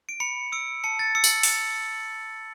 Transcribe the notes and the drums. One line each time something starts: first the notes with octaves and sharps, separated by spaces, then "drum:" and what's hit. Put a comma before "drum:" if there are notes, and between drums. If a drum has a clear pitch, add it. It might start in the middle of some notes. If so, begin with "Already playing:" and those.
D7
B5 C#7
E6 D7
A5 C#7
A6
E6 C#7
F#7, drum: tambourine
drum: open hi-hat